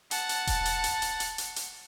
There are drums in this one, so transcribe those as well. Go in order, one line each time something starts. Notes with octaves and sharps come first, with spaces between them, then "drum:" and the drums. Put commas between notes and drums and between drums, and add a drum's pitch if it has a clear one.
F#5 A5, drum: hi-hat
drum: hi-hat
drum: kick E1, hi-hat
drum: hi-hat
drum: hi-hat
drum: hi-hat
drum: hi-hat
drum: hi-hat
drum: hi-hat